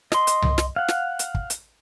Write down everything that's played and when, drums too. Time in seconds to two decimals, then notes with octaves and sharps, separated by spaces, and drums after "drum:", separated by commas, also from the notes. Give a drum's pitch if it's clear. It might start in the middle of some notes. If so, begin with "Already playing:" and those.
0.12 D#5 C6, drum: snare
0.27 drum: hi-hat
0.42 drum: tom C2
0.58 drum: snare
0.76 F5 F#5
0.88 drum: snare
1.19 drum: hi-hat
1.35 drum: kick
1.50 drum: hi-hat